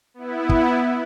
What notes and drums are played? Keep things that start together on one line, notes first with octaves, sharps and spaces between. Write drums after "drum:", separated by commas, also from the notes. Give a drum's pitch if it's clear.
B3 E4
drum: kick